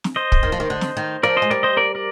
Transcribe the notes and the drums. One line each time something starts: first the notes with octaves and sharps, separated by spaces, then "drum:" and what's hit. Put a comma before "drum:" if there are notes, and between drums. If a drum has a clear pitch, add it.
drum: snare
C5 D#5
drum: kick
D#3
F3
D#3
D3
drum: snare
D#3
F3 A#4 D5
C5 D#5
G#3
G3 A#4 D5
C5 D#5
A#4 D5
A#4 D5